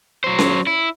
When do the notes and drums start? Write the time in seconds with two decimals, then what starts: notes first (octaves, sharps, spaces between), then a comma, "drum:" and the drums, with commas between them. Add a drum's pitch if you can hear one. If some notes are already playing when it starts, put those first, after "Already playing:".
0.24 F#3 C5
0.39 drum: snare C#4
0.67 E4